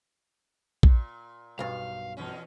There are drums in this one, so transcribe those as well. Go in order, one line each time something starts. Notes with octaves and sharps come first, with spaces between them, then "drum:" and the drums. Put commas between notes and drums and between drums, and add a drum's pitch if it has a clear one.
A#2, drum: kick A#1
B1 G2 F5
E2 B2 C#4